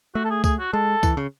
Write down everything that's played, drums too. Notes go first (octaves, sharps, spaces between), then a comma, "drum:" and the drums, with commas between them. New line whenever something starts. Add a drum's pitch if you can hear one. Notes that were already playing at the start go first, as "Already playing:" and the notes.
A3 F#4
A4
G#4
G#4, drum: kick C#2, tambourine
F#4
G#3 A4
E3, drum: kick C#2, tambourine
C#3